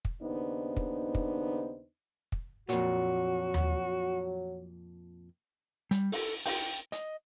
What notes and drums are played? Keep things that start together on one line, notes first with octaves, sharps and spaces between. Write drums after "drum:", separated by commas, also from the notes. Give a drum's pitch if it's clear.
drum: kick
D#2 C#3 B3 D4 D#4 C5
drum: kick
drum: kick
drum: kick
F2 A#2 F#3 F#4, drum: hi-hat
drum: tom D#2
G3, drum: hi-hat
A4, drum: open hi-hat
G5, drum: open hi-hat
D#5, drum: hi-hat